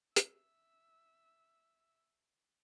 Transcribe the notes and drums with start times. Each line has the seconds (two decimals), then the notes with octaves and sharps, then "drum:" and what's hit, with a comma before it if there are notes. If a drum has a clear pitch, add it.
0.16 E5 E6, drum: hi-hat